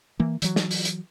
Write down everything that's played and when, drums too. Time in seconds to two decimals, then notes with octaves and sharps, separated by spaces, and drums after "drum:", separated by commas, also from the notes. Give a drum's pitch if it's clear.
0.20 E3 A#3
0.42 E3 F#3, drum: hi-hat
0.56 drum: snare
0.71 drum: open hi-hat
0.85 drum: hi-hat